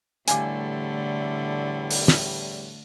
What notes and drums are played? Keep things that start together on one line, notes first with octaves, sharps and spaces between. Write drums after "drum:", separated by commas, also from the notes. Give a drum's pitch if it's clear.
E2 A2 D3 G3 A3 G4 F5 G#5, drum: hi-hat
drum: open hi-hat
drum: snare